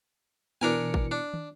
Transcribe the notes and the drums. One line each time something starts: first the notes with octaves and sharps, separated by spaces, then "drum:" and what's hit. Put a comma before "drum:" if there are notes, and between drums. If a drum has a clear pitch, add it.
B2 E3 D4 A#4 G#5 C#7
drum: kick G#1
D4
drum: tom